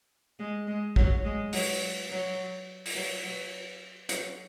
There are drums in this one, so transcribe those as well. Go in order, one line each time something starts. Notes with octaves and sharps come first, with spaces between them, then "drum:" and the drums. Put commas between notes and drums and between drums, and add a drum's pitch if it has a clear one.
G#3
G#3
F#3, drum: kick A#1
G#3
F#3, drum: open hi-hat
F#3
drum: open hi-hat
F#3
F#3
F#3, drum: hi-hat